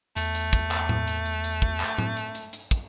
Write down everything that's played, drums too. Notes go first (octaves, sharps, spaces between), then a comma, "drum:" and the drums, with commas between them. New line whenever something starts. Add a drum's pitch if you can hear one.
E2 A3, drum: hi-hat
drum: hi-hat
drum: kick, hi-hat
drum: clap
drum: tom A2
drum: hi-hat
drum: hi-hat
drum: hi-hat
drum: kick
drum: clap
drum: tom A2
drum: hi-hat
drum: hi-hat
drum: hi-hat
drum: kick, hi-hat